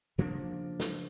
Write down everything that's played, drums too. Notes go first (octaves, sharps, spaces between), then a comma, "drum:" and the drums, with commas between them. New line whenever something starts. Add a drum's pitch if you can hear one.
C#3 F3 A#3 D4
drum: snare